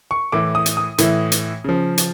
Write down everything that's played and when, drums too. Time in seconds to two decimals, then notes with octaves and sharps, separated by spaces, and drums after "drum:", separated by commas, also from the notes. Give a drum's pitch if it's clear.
0.11 C#6
0.32 A2 E3 D6
0.55 D#6
0.66 drum: hi-hat
0.77 D#6
0.98 A2 E3, drum: hi-hat
1.32 drum: hi-hat
1.64 C#3 F3
1.98 drum: hi-hat